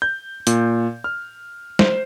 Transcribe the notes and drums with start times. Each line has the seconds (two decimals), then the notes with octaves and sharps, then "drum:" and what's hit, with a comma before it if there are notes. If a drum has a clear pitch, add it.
0.02 G6
0.47 A#2, drum: hi-hat
1.04 F6
1.79 C5, drum: snare